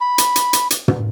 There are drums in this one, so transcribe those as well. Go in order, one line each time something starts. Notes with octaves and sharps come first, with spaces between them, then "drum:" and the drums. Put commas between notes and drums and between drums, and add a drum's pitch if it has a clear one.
B5
drum: hi-hat
drum: hi-hat
drum: hi-hat
drum: hi-hat
drum: tom